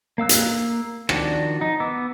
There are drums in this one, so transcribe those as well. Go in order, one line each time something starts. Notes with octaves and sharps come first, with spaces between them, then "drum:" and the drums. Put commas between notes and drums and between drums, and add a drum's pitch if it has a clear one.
A#3 F5 E6 F#6
drum: hi-hat
D#3 F3 D4 F#4 D5, drum: rim click
D#4
B3 D6 E6